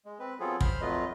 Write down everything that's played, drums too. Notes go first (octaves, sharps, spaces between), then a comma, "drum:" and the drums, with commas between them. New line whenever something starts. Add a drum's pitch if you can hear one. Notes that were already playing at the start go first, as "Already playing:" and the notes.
G#3
C4 B4
F#3 B3 C4 F4 G#4 A4
C5 B5 C6 F6, drum: kick
F2 F#3 A3 F4 B4 D#5